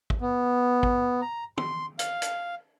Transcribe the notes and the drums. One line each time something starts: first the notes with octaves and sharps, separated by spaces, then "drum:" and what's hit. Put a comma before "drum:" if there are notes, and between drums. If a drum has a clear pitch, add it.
drum: kick
B3
drum: kick
A#5
C6, drum: tom
F5, drum: hi-hat
drum: hi-hat